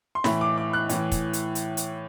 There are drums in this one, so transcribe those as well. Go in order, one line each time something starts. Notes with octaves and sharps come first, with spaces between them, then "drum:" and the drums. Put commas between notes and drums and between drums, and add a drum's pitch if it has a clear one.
C6
A2 E3 B5, drum: snare
D6
D6
F#6
A2 E3, drum: hi-hat
drum: kick, hi-hat
drum: hi-hat
drum: hi-hat
drum: hi-hat